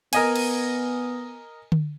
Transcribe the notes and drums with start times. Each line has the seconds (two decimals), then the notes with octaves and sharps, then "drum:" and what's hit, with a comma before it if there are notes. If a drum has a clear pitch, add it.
0.13 B3 A#4 D#5 G#5, drum: cymbal
0.36 drum: cymbal
1.72 drum: tom D3